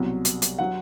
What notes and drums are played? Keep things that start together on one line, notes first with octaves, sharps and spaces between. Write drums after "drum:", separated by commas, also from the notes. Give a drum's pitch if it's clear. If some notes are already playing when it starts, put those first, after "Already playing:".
Already playing: C2 B2 F#3
drum: hi-hat
drum: hi-hat
F#3 F#5